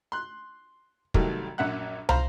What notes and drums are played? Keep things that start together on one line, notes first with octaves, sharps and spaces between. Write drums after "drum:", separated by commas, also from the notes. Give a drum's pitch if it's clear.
C6 F#6
C2 D#3 F#3 G3 A3, drum: kick
A#1 F#2 E5 F#5 F#6
C5 F5 A#5 B5, drum: tom